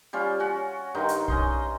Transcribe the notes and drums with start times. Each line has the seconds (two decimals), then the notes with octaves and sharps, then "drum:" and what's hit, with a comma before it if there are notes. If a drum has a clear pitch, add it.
0.13 G3 C#4 F4
0.40 C#4 F#4
0.94 G2 D#3 D#4 C6
1.09 drum: hi-hat
1.28 C#4 D#5 C6, drum: kick